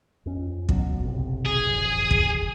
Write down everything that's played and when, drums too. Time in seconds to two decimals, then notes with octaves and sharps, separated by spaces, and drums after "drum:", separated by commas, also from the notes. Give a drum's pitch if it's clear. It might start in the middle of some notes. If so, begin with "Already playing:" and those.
0.26 F2 C#4
0.69 C#2 B2 F#3, drum: kick
1.05 F#1 B1 C3
1.46 G#4
1.64 E1 A1 F2
2.11 drum: kick